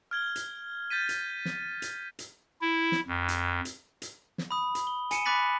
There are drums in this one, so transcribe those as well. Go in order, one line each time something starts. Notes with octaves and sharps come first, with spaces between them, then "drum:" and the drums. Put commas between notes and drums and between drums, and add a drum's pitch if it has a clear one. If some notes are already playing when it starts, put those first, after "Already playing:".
F6 G#6 G7
drum: hi-hat
G6 A6 B6 D#7
drum: hi-hat
drum: snare
drum: hi-hat
drum: hi-hat
E4
drum: snare
F2
drum: hi-hat
drum: hi-hat
drum: hi-hat
drum: snare
B5 D#6
drum: hi-hat
G7
G#5 C#7 D#7 E7, drum: hi-hat
B5 D6 F#6 A6 B6 F#7